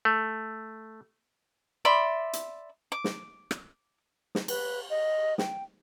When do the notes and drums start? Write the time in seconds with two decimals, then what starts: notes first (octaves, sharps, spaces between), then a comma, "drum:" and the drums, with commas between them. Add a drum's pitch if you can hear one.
0.05 A3
1.85 D5 E5 B5 C6
2.33 drum: hi-hat
2.92 D6
3.04 drum: snare
3.51 drum: rim click
4.35 drum: snare
4.48 B4, drum: cymbal
4.90 D#5
5.38 G5, drum: snare